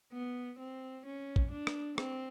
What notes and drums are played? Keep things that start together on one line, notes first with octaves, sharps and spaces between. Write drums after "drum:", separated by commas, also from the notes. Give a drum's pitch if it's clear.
B3
C4
C#4
drum: kick
D4
drum: rim click
C4, drum: rim click